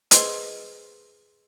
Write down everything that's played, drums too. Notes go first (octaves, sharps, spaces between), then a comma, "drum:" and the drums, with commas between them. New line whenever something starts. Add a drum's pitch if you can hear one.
G#4 B4 C5 D#5 C6 E6, drum: hi-hat